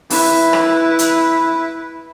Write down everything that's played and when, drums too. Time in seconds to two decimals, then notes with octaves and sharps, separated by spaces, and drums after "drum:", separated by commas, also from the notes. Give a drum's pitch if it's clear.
0.10 E4 B4, drum: open hi-hat
0.53 drum: rim click
0.99 drum: hi-hat